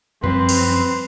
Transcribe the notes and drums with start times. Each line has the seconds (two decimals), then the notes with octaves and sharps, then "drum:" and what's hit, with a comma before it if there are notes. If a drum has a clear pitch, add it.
0.23 F#2 F3 G3 C4 B4 C6
0.49 drum: cymbal